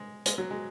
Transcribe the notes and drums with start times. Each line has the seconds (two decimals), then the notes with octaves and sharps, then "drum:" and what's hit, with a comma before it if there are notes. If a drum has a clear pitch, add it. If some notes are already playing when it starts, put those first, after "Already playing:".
Already playing: G#3
0.25 G#3, drum: hi-hat
0.38 F#3
0.51 G#3